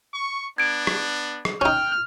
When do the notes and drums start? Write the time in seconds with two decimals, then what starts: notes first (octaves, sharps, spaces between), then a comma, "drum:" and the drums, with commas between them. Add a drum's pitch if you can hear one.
0.12 C#6
0.58 B3 D4 G#6 D7
0.87 drum: rim click
1.45 drum: rim click
1.61 C#4 D#4 G5 F6